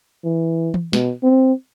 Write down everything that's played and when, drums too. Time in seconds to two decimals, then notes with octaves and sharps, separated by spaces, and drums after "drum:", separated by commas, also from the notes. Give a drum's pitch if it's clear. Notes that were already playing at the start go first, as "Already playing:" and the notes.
0.24 E3
0.74 drum: tom E3
0.93 B2, drum: snare
1.23 C4